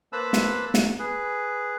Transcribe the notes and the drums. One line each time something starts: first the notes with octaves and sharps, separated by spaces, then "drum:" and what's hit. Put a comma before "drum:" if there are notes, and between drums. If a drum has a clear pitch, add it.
A#3 B4 C5 A5 B5 E6
drum: snare
drum: snare
G#4 B4